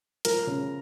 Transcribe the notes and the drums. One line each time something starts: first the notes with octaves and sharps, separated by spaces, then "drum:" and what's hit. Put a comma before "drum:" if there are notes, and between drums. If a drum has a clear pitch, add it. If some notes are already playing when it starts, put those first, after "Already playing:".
F3 A#4, drum: hi-hat
C#3